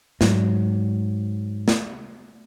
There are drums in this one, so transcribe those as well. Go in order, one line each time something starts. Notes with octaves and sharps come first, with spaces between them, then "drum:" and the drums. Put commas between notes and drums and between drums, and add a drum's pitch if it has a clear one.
G#2 F#3, drum: snare
drum: snare